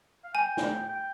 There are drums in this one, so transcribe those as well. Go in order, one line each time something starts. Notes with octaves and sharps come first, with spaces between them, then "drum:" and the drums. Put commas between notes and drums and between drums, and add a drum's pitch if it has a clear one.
F5
G5 G#5
drum: snare
G5